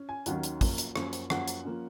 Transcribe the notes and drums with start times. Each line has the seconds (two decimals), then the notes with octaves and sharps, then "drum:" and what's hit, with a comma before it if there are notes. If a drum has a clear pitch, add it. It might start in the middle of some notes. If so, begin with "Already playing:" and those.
Already playing: C#4
0.09 G#5
0.26 D#2 D#3 F#3 C#4 F#5, drum: hi-hat
0.43 drum: hi-hat
0.61 F#2 F3 A#3 C#4, drum: kick, open hi-hat
0.78 drum: hi-hat
0.96 F#2 F3 A#3 C#4, drum: rim click
1.13 drum: hi-hat
1.30 F#2 F3 A#3 C#4 F#5, drum: rim click
1.48 drum: hi-hat
1.65 F3 A#3 C#4